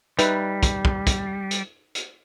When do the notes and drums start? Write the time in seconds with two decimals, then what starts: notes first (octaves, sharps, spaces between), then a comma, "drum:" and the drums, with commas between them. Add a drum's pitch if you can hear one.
0.19 G3 D#4 B4 E5, drum: hi-hat
0.63 drum: kick, hi-hat
0.85 drum: kick
1.07 drum: kick, hi-hat
1.51 drum: hi-hat
1.95 drum: hi-hat